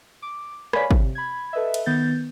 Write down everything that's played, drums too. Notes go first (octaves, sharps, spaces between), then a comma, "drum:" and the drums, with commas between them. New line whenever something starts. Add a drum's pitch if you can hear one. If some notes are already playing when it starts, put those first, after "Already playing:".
D6
C#5 D5 F5 G#5 B5 B6, drum: rim click
C3, drum: kick
B5 G#6
A4 B4 D#5 E5
drum: cymbal
D#3 B3 G6 A6